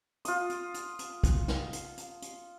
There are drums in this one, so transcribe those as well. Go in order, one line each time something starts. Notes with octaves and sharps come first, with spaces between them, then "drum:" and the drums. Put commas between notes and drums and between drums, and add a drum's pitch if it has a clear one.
F4 D#6, drum: hi-hat
drum: hi-hat
drum: hi-hat
drum: hi-hat
drum: kick, hi-hat
drum: snare
drum: hi-hat
drum: hi-hat
drum: hi-hat